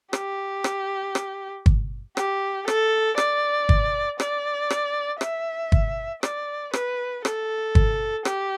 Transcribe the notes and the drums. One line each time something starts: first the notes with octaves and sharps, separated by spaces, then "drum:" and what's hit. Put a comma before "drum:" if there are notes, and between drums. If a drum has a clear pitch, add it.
G4, drum: rim click
drum: rim click
drum: rim click
drum: kick
G4, drum: rim click
A4, drum: rim click
D5, drum: rim click
drum: kick
D5, drum: rim click
drum: rim click
E5, drum: rim click
drum: kick
D5, drum: rim click
B4, drum: rim click
A4, drum: rim click
drum: kick
G4, drum: rim click